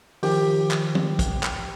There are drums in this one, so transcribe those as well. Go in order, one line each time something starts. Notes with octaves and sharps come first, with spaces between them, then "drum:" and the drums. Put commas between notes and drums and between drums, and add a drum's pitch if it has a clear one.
D#3 F3 G4, drum: open hi-hat
drum: clap
drum: tom
drum: kick, hi-hat
drum: clap